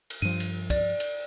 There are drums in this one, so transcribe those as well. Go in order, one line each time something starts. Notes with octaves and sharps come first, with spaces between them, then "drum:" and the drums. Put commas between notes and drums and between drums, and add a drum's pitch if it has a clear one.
drum: cymbal
G2 F3 D#7
drum: cymbal
D5, drum: kick, cymbal
drum: cymbal